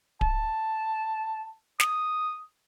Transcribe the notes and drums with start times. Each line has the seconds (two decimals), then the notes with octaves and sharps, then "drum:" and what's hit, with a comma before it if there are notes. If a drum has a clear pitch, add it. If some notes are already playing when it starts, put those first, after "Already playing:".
0.21 A5, drum: kick D1
1.80 D#6, drum: snare